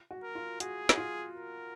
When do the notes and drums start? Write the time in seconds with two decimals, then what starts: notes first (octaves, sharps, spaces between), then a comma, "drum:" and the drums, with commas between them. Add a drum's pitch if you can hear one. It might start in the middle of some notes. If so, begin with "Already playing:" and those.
0.11 F#4
0.23 A#4
0.35 F4
0.60 F#4 G#4, drum: hi-hat
0.89 F#4, drum: snare
0.98 F4
1.36 A#4